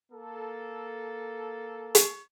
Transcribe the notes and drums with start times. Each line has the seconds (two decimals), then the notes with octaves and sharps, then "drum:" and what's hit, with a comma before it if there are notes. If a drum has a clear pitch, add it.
0.12 A#3 A4
1.95 drum: hi-hat